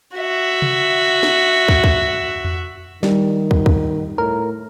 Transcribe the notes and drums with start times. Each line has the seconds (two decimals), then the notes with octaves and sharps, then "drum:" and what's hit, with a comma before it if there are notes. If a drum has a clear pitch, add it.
0.17 F#4 E5
0.62 drum: tom C3
1.23 drum: snare
1.69 drum: kick
1.84 drum: kick
2.44 drum: tom E2
3.03 D#3 G3, drum: snare
3.51 drum: kick
3.66 drum: kick
4.18 A2 A#4